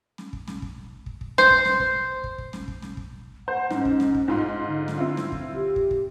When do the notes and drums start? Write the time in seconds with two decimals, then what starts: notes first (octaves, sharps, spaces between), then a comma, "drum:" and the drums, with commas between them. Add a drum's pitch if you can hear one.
0.18 drum: snare
0.33 drum: kick
0.48 drum: snare
0.62 drum: kick
1.06 drum: kick
1.21 drum: kick
1.38 C5, drum: snare
1.50 drum: kick
1.65 drum: snare
1.80 drum: kick
2.24 drum: kick
2.38 drum: kick
2.53 drum: snare
2.68 drum: kick
2.82 drum: snare
2.97 drum: kick
3.48 C5 F#5
3.70 G#2 C#4, drum: snare
3.85 drum: kick
4.00 drum: snare
4.15 drum: kick
4.28 G#2 D#4 F4 C6
4.66 D3
4.88 drum: snare
4.98 C4 E4 F4
5.17 drum: snare
5.32 drum: kick
5.54 G4
5.76 drum: kick
5.91 drum: kick